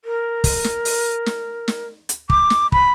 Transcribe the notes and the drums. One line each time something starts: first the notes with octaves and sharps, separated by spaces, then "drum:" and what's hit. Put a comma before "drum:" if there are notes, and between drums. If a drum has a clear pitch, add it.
A#4
drum: kick, open hi-hat
drum: snare
drum: open hi-hat
drum: snare
drum: snare
drum: hi-hat
D6, drum: kick
drum: snare
B5, drum: kick